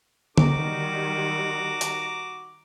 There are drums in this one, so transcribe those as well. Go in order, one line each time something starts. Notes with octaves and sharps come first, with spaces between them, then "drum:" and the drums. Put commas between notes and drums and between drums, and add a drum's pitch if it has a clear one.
D#3 G3 F#4 A#5 D6, drum: tom D3
drum: hi-hat